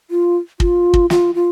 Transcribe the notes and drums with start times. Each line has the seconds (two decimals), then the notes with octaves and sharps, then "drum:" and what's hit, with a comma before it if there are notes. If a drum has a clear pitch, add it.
0.11 F4
0.60 F4, drum: kick
0.94 drum: kick
1.10 F4, drum: snare
1.35 F4